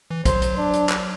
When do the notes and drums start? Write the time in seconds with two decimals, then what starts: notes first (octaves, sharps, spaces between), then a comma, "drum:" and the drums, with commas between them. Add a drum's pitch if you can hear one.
0.11 E3
0.25 F#3 C5, drum: kick, hi-hat
0.42 drum: hi-hat
0.58 D4
0.73 drum: hi-hat
0.89 drum: clap